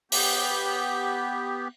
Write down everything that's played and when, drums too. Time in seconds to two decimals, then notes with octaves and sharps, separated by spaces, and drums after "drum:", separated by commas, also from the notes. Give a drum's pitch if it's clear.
0.12 B3 G4, drum: open hi-hat